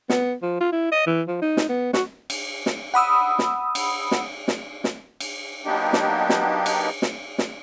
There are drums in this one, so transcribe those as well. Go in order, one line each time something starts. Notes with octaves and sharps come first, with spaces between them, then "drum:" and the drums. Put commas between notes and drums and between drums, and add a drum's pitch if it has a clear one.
B3, drum: snare
F3
F4
E4
D#5
E3
F3
D#4
drum: snare
B3
F#4, drum: snare
drum: cymbal
drum: snare
F#5 B5 D#6 E6
drum: snare
drum: cymbal
drum: snare
drum: snare
drum: snare
drum: cymbal
F#3 A#3 B3 D4 D#4 G4
drum: snare
drum: snare
drum: cymbal
drum: snare
drum: snare